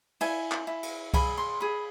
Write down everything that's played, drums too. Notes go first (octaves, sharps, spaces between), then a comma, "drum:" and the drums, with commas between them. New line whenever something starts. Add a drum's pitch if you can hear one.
E4 G#5, drum: cymbal
drum: clap
E4
drum: cymbal
G#4 B5, drum: kick C2, cymbal
C6
G#4 B5